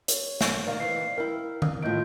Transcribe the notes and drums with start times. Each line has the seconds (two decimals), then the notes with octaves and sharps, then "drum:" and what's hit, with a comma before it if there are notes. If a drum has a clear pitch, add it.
0.08 C#5, drum: hi-hat
0.41 drum: snare
0.67 D#3 A#3 D5 F5
0.80 E3 C4 C7
1.18 E4 A#4 G5
1.62 drum: tom D#3
1.82 D#2 A2 F4 G6 D7